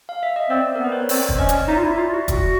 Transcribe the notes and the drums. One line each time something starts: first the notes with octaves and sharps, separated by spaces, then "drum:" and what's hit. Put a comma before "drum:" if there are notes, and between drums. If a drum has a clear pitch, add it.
F5
E5
D#5
C4 C5 D5
A#4
B3
B4
C5
C#5
C4 C5 D5, drum: open hi-hat
drum: kick
C#4 C#5 D#5
drum: hi-hat
D#4 D5 E5
F4
E4
F4
F#4
F#4, drum: kick, hi-hat